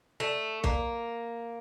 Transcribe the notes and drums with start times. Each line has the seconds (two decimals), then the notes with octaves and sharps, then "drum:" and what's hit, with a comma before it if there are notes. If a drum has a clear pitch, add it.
0.20 A3
0.64 A#3, drum: kick B1